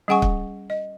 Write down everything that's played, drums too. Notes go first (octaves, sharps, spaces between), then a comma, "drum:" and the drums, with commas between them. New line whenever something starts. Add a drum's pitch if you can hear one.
G3 C#4 G#4 F#5 G#5 C#6
drum: kick
D#5